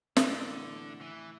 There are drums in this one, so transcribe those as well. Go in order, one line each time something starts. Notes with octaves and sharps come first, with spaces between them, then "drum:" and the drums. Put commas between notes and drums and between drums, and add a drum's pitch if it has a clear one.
A2 D3 E3 A3 E4 G4, drum: snare
E3